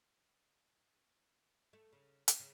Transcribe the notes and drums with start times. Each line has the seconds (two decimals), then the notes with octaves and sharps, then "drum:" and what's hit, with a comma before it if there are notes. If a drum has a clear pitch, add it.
1.73 A3
1.93 C#3
2.28 drum: hi-hat
2.40 C#3